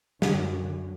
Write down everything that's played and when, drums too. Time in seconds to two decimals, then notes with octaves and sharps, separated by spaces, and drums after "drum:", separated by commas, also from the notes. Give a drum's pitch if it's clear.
0.22 F#2 D3, drum: snare